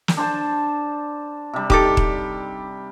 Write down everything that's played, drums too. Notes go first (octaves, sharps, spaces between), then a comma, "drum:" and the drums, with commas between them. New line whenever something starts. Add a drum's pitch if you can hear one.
drum: snare
D4 C5 A5
C3 G3
D#4 G4 A4 D6, drum: kick D#1
drum: kick D#1